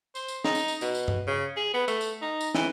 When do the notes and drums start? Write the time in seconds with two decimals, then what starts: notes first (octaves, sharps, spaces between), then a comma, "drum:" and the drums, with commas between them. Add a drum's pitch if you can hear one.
0.15 C5, drum: tambourine
0.28 drum: tambourine
0.45 D#4, drum: snare
0.55 drum: tambourine
0.68 drum: tambourine
0.81 B2, drum: tambourine
0.95 drum: tambourine
1.08 drum: tom G2
1.27 C#3
1.57 G#4
1.74 B3
1.88 A3, drum: tambourine
2.01 drum: tambourine
2.22 D#4
2.41 drum: tambourine
2.55 E3, drum: snare